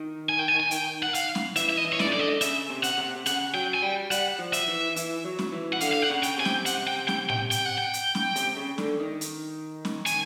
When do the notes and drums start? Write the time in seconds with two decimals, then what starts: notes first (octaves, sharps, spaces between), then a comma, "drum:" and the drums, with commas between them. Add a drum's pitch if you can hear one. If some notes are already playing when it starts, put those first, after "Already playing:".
Already playing: D#3
0.29 G#5
0.39 G5
0.48 G#5
0.60 G#5
0.71 G5, drum: hi-hat
1.03 F#5
1.14 F5, drum: hi-hat
1.35 drum: snare C#4
1.56 E3 E5, drum: hi-hat
1.70 E5
1.77 D#5
1.85 E3
1.93 C#5
1.99 D5, drum: snare C#4
2.06 C#3
2.13 D3 D5
2.19 D#5
2.41 C#3 E5, drum: hi-hat
2.70 C3
2.83 F#5, drum: hi-hat
2.98 C3
3.16 C3
3.26 C#3 F#5, drum: hi-hat
3.54 F#3 G5
3.74 G#5
3.82 G3 G5
4.11 G3 F#5, drum: hi-hat
4.39 F3
4.53 E5, drum: hi-hat
4.68 E3
4.96 E3, drum: hi-hat
5.25 F#3
5.39 drum: snare C#4
5.52 E3
5.73 F#5
5.81 D3 F5, drum: hi-hat
5.93 F5
6.02 F#5
6.10 C#3
6.23 G5, drum: hi-hat
6.38 C3 G#5
6.45 G5, drum: snare C#4
6.66 F#5, drum: hi-hat
6.87 G5
7.08 G5, drum: snare C#4
7.30 G5, drum: tom A2
7.51 G5, drum: hi-hat
7.65 F#5
7.78 G5
7.93 drum: hi-hat
8.15 drum: snare C#4
8.36 C3, drum: hi-hat
8.57 C#3
8.78 D3, drum: snare C#4
9.00 D#3
9.21 drum: hi-hat
9.85 drum: snare C#4
10.06 G#5, drum: hi-hat